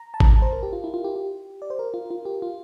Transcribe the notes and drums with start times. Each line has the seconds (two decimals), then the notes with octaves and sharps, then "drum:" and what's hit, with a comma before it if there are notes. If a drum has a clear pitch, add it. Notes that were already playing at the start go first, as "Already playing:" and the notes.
Already playing: A#5
0.14 A5
0.20 A#5, drum: kick
0.30 A5
0.42 C5
0.53 A#4
0.63 G4
0.73 F4
0.84 E4
0.94 F4
1.04 G4
1.15 G4
1.62 D5
1.70 C5
1.79 A#4
1.94 F4
2.11 F4
2.25 G4
2.42 F4